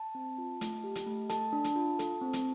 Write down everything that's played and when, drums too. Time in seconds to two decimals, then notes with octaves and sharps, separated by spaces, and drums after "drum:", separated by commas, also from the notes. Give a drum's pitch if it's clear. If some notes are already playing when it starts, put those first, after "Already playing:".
Already playing: A5
0.15 C4
0.38 F4
0.61 A3, drum: hi-hat
0.84 G4
0.95 drum: hi-hat
1.06 A3
1.29 A4 A5, drum: hi-hat
1.53 D4
1.64 drum: hi-hat
1.76 F4
1.99 A4, drum: hi-hat
2.21 C4
2.33 drum: hi-hat